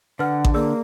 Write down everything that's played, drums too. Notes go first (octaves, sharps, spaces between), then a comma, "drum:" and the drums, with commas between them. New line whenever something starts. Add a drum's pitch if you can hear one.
D3 B4 F#5 F6
drum: kick A1
A#3 G#4 D5 E6